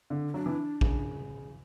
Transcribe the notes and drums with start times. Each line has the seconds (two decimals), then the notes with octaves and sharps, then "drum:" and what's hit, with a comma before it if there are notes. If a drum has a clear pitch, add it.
0.10 D3
0.28 C#4
0.34 F#3 D4
0.46 E3
0.81 C#3, drum: kick